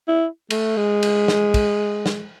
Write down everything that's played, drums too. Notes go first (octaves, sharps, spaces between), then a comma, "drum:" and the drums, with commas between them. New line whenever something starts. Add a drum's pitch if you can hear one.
E4
A3, drum: cymbal
G#3
drum: cymbal
drum: snare
drum: kick, cymbal
drum: snare